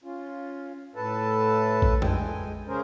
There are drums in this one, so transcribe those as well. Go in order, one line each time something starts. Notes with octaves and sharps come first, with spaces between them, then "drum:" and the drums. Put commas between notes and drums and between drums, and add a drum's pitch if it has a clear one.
C#4 F4
A2 A4 B4 A5
drum: kick A#1
G#3 G5 G#5, drum: tom F2
C#3 C#4 G#4 A#4 C5